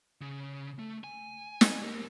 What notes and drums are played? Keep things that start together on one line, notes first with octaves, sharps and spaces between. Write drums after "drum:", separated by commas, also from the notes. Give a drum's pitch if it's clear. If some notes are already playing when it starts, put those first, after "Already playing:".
C#3
A3
G#5
drum: snare
G4 A#4